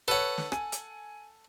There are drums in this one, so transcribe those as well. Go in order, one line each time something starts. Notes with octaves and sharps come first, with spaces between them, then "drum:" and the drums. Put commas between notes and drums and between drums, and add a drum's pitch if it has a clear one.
A4 B4 C#5 F#5
drum: snare
G#5, drum: rim click
drum: hi-hat